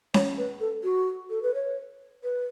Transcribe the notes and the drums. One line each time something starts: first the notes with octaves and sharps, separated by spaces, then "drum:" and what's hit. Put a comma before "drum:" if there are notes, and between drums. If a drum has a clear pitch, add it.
C#5, drum: snare C#4
B4
A4
F#4
A4
B4
C#5
B4